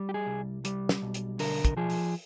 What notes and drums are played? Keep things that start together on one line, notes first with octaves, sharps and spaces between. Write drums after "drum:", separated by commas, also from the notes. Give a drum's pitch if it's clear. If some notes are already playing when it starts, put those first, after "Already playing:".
Already playing: G3
G4
G#4
C2
G3, drum: hi-hat
drum: snare
B1
drum: hi-hat
D3 A#4, drum: open hi-hat
drum: kick, hi-hat
F3 G#4
drum: open hi-hat